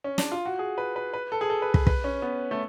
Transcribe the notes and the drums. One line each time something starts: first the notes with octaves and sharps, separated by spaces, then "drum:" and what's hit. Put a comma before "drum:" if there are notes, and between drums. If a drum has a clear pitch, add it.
C#4
D4, drum: snare
F4
F#4
G#4
B4
B4
B4
A4
G#4
A4
B4
B4, drum: kick
B4, drum: kick
C#4
B3
A3